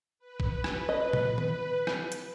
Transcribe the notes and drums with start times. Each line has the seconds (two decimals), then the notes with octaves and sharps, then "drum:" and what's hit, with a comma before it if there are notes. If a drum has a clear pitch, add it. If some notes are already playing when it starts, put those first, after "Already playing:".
0.19 B4
0.40 drum: kick A1
0.64 drum: rim click
0.89 D#5
1.13 drum: tom A#2
1.38 drum: tom D#3
1.87 drum: rim click
2.12 drum: hi-hat